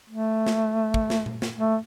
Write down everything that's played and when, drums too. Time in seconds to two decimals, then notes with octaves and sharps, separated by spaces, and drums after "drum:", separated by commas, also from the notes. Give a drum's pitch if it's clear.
0.10 A3
0.46 drum: snare
0.94 drum: kick
1.10 drum: snare
1.26 drum: tom A#2
1.42 drum: snare
1.58 A3